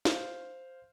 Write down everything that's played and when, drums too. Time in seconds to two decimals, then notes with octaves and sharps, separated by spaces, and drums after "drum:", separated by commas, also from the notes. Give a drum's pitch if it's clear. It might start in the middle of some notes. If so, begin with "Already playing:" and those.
0.05 C5 F5, drum: snare